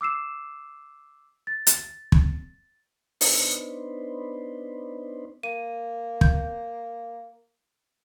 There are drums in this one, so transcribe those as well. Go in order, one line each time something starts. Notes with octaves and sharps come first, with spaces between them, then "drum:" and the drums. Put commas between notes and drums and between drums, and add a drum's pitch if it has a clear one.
D6 E6 C7 E7
A6
drum: hi-hat
drum: kick
B3 D4 D#4 B4 C5, drum: open hi-hat
A#3 D#7
G6, drum: kick